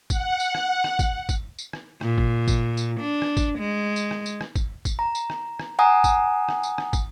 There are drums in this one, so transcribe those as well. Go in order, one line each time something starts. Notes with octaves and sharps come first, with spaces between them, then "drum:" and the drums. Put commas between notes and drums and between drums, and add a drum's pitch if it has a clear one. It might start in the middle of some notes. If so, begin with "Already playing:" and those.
F#5, drum: kick, tambourine
drum: tambourine
drum: rim click
drum: rim click
drum: kick, tambourine
drum: kick, tambourine
drum: tambourine
drum: rim click
A#2, drum: rim click
drum: kick
drum: kick, tambourine
drum: tambourine
D4
drum: rim click
drum: kick, tambourine
G#3
drum: tambourine
drum: rim click
drum: tambourine
drum: rim click
drum: kick, tambourine
drum: kick, tambourine
A#5
drum: tambourine
drum: rim click
drum: rim click
F#5 G#5 A#5 D#6
drum: kick, tambourine
drum: rim click
drum: tambourine
drum: rim click
drum: kick, tambourine